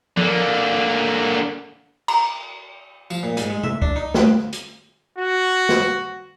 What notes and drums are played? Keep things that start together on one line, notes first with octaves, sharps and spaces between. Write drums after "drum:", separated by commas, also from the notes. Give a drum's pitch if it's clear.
D3 A#3, drum: tom F3
A#5, drum: cymbal
F3, drum: tambourine
A#2
G#2, drum: hi-hat
G#3
E5, drum: tom C3
D4, drum: kick C#2
D#4
D2, drum: snare
drum: hi-hat
F#4
drum: snare